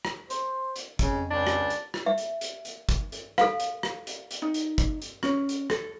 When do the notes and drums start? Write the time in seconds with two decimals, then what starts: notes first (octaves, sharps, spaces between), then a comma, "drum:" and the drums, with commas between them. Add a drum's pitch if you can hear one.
0.05 drum: rim click
0.30 C5, drum: hi-hat
0.76 drum: hi-hat
0.99 F2 C#3, drum: kick, hi-hat
1.30 C#2 D4
1.47 drum: rim click
1.70 drum: hi-hat
1.94 drum: rim click
2.06 E5
2.18 drum: hi-hat
2.41 drum: hi-hat
2.65 drum: hi-hat
2.89 drum: kick, hi-hat
3.12 drum: hi-hat
3.38 A4 F5, drum: rim click
3.60 drum: hi-hat
3.83 drum: rim click
4.07 drum: hi-hat
4.31 drum: hi-hat
4.42 D#4
4.54 drum: hi-hat
4.78 drum: kick, hi-hat
5.02 drum: hi-hat
5.23 C#4, drum: rim click
5.49 drum: hi-hat
5.70 A4, drum: rim click